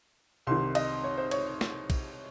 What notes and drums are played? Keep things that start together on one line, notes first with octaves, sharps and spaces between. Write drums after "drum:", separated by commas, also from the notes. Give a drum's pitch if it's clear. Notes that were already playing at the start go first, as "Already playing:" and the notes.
C2 C3 D#3 C6
D#5, drum: cymbal
C#5
C5
C#5, drum: cymbal
drum: snare
drum: kick, cymbal